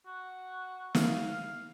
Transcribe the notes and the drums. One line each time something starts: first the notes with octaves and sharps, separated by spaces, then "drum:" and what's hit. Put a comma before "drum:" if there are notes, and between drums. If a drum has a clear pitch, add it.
F#4
F5, drum: snare